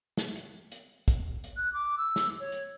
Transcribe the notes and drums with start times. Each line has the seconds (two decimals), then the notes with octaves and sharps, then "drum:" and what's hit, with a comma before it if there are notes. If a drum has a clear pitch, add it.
0.17 drum: snare
0.36 drum: hi-hat
0.72 drum: hi-hat
1.08 drum: kick, hi-hat
1.44 drum: hi-hat
1.57 F#6
1.74 D6
1.98 E6
2.16 drum: snare
2.40 C#5
2.52 drum: hi-hat